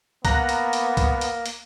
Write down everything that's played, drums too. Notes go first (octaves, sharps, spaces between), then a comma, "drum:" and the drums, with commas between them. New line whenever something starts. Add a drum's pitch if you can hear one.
A#3 B3 A#5 F#6 A#6, drum: kick C2, hi-hat
drum: hi-hat
drum: hi-hat
drum: kick C2, hi-hat
drum: hi-hat
drum: hi-hat